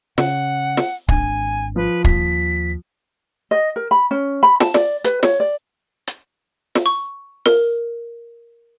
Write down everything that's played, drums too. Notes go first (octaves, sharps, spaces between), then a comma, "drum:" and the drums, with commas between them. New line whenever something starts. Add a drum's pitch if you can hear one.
C#3 F#5, drum: snare
drum: snare
G#1 D4 G#5, drum: kick
F3 B4
D#2 B6, drum: kick
D#5
A#4
B5
C#4
B5
A5, drum: snare
D5, drum: snare
B4, drum: hi-hat
C#5, drum: snare
D5
drum: hi-hat
drum: snare
C#6
A#4, drum: snare